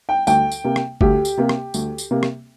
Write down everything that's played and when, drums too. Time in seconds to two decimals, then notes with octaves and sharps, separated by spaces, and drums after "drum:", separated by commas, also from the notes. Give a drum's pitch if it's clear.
0.09 G5
0.27 D2 G5, drum: tambourine
0.52 drum: tambourine
0.64 C3 A#3
0.76 drum: rim click
1.01 D2 G4, drum: kick G1
1.25 drum: tambourine
1.37 C3 A#3
1.49 drum: rim click
1.74 D2, drum: tambourine
1.98 drum: tambourine
2.11 C3 A#3
2.23 drum: rim click